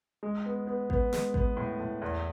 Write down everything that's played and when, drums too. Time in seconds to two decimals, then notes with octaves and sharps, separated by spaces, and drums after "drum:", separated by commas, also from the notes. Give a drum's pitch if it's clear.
0.23 G#3
0.46 B3
0.67 B3
0.90 B3, drum: kick A1
1.13 G#3, drum: snare
1.34 B3, drum: kick A1
1.57 A2
1.79 A2
2.02 E2